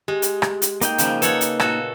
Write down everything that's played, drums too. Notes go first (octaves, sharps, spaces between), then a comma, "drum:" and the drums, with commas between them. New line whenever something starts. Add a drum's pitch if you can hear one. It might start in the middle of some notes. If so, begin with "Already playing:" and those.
G#3 G4
drum: hi-hat
drum: rim click
drum: hi-hat
A#3 D#4 G5, drum: hi-hat
C#3 F3, drum: hi-hat
A4 B4 C#5 D#5 F#5, drum: hi-hat
drum: hi-hat
A#2 F#4 A4, drum: rim click